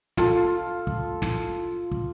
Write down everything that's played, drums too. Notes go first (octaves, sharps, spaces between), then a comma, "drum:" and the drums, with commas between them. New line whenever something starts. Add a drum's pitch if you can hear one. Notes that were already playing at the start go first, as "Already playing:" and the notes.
F4 A4, drum: snare
drum: kick
drum: snare
drum: kick